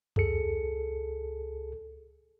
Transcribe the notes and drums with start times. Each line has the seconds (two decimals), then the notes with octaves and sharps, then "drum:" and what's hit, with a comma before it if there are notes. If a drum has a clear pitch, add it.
0.16 C#2 G#4 A4 C#7, drum: tom F2